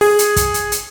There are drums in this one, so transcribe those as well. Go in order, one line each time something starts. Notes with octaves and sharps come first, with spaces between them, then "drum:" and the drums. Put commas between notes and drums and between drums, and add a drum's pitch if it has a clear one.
G#4, drum: open hi-hat
drum: hi-hat
drum: kick, hi-hat
drum: hi-hat
drum: hi-hat